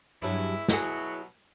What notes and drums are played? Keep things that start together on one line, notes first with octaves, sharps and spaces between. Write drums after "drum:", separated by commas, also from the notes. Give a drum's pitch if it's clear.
E2 G2 F#3 G#3 E4
B2 F#3 E4 F#4 G#4, drum: snare